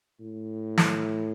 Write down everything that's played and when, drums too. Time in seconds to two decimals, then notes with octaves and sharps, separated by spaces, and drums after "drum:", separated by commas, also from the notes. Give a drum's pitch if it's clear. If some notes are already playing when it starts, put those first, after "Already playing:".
0.20 A2
0.78 drum: snare